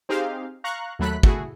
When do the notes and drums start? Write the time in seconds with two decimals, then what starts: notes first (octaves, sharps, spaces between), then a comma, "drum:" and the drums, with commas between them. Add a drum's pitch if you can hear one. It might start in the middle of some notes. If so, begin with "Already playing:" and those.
0.09 C4 D#4 G4 G#4 C5 F5
0.64 F5 A#5 C#6 F#6
0.99 D#2 F#3 A3 B5 F#6 B6
1.23 A3 E4 F#4 G#4, drum: kick